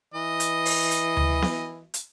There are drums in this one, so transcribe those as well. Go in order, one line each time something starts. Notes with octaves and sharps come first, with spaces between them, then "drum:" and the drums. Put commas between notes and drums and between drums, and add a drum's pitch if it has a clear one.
E3 D#5
drum: hi-hat
drum: open hi-hat
drum: hi-hat
drum: tom D2
drum: snare B3
drum: hi-hat